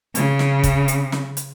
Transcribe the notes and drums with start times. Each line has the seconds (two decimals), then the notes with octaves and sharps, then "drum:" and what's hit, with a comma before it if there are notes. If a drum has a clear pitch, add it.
0.15 C#3, drum: hi-hat
0.39 drum: snare
0.64 drum: kick, hi-hat
0.88 drum: hi-hat
1.12 drum: snare
1.37 drum: hi-hat